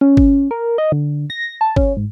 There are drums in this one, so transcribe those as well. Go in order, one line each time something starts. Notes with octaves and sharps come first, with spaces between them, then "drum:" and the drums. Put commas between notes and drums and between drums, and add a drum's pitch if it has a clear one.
C#4
drum: kick
A#4
D#5
D3
A#6
A5
C#4, drum: kick
G#2